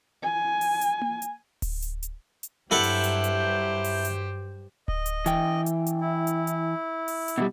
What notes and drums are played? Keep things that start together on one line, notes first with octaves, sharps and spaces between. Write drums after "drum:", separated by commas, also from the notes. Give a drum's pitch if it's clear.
G#5
drum: open hi-hat
drum: hi-hat
drum: tom A#3
drum: hi-hat
drum: kick D1, open hi-hat
drum: hi-hat
drum: hi-hat
drum: hi-hat
G2 F#3 E4 G4 A4 C5 F#5
drum: open hi-hat
drum: hi-hat
drum: hi-hat
drum: open hi-hat
drum: hi-hat
D#5, drum: kick D1
drum: hi-hat
E3 G5, drum: hi-hat
drum: hi-hat
drum: hi-hat
E4
drum: hi-hat
drum: hi-hat
drum: open hi-hat
drum: hi-hat
B2 E3 G3